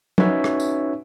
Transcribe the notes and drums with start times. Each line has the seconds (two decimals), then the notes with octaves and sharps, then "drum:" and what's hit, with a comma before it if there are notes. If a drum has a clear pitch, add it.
0.18 C#4 D#4 F#4 B4 C#5 E5, drum: tom
0.44 drum: rim click
0.60 drum: tambourine